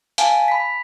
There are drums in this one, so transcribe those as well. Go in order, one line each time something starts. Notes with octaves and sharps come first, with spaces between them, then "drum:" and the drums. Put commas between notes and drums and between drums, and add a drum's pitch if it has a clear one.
F5 G#5 A5, drum: hi-hat
B5 B6